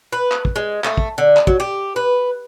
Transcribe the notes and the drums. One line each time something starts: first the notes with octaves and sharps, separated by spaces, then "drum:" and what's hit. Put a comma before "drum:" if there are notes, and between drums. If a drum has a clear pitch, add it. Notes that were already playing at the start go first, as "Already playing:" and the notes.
B4
drum: clap
drum: kick
G#3
A3, drum: clap
drum: kick
D3
drum: clap
F#3, drum: kick
G4
B4